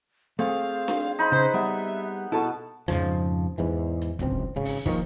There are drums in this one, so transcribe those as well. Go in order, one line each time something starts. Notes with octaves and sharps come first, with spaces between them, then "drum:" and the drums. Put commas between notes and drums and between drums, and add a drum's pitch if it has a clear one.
A3 C4 G#4 F5
drum: snare D4
D#4 C5 B5
C#3 B4 C5
G3 B3 E5
B2 E4 F#4 A4 B4 A5
F2 G#2 C#3 F3, drum: rim click
E2 G#2 E3
drum: hi-hat
D1 G#1 C#2 C4, drum: kick
G#1 C#3
drum: open hi-hat
D#3 F3 A3 A#3, drum: kick